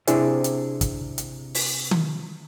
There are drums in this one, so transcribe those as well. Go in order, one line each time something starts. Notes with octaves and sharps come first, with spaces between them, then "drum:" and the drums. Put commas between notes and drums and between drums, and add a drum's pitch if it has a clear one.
C3 D4 E4 G#4 C5 D5, drum: hi-hat
drum: hi-hat
drum: kick, hi-hat
drum: hi-hat
drum: open hi-hat
drum: tom D#3